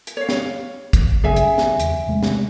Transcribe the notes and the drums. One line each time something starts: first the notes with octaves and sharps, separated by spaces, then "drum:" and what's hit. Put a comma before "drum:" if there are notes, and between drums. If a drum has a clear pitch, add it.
drum: hi-hat
C#5 F5
drum: snare
drum: kick, hi-hat
F#2 C#3 G3 G#4 E5 G#5
drum: hi-hat
drum: snare
E2, drum: hi-hat
C3 G#3 A3
drum: snare